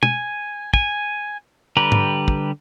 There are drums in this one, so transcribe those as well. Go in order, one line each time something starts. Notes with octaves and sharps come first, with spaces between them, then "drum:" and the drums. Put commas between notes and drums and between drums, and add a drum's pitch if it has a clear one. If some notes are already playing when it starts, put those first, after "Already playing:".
G#5, drum: tom
G#5, drum: kick
D3 G3 G4 B4 A#5
drum: tom G#2
drum: kick